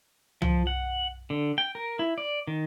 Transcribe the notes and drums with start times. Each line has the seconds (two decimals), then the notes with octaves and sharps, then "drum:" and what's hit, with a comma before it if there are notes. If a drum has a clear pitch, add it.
0.42 F3, drum: tom C2
0.67 F#5
1.30 D3
1.58 G5
1.75 A#4
1.99 E4
2.18 D5
2.47 D#3